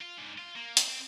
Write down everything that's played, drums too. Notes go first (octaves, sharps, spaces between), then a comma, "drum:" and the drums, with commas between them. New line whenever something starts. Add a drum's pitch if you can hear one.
F4
G#2 D3
F4
A#3
C4, drum: hi-hat